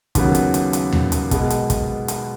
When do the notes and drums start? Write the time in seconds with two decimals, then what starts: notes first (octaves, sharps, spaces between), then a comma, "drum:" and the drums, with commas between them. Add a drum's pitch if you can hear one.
0.15 D#2 C#3 F#3 B3, drum: kick, hi-hat
0.35 drum: hi-hat
0.54 drum: hi-hat
0.73 drum: hi-hat
0.93 drum: tom D#2
1.12 drum: hi-hat
1.31 B2 G#3 B3, drum: kick, hi-hat
1.50 drum: hi-hat
1.70 drum: kick, hi-hat
2.08 drum: hi-hat